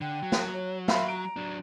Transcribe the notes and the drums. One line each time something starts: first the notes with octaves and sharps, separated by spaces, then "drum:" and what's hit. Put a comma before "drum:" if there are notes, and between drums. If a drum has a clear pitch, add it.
D3 G5
F#3
drum: snare
C#5
E5 F5 B5 C6, drum: snare
A#5 D7
F#3 D4